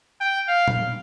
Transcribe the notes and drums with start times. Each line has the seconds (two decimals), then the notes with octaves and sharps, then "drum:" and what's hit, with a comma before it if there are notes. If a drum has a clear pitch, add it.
0.21 G5
0.48 F5
0.68 drum: tom A#2